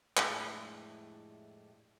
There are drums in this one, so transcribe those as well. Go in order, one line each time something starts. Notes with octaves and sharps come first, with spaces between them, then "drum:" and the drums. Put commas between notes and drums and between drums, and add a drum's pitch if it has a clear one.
F2 A2 G#3 D4 E4 G4, drum: clap